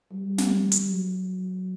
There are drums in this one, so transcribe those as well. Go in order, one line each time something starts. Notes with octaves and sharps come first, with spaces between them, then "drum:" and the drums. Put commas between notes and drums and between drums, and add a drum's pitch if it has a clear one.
G3
drum: snare
drum: hi-hat
F#3